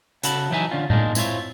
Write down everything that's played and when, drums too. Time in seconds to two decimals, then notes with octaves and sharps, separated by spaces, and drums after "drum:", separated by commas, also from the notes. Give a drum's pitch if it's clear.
0.23 C#3 F#4 A4 B5, drum: hi-hat
0.50 E3 F#3 D#4 A#4 E5 G#5
0.71 D3 C#4 F4
0.90 G#3 A#3 D4 D#4, drum: tom A2
1.15 C4 E4 F4 C#5, drum: tambourine